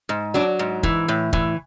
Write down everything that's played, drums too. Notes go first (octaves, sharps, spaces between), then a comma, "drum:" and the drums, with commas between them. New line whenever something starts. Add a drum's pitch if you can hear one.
G#2
F#3 D4
G#2
E3, drum: kick
A2
E3, drum: kick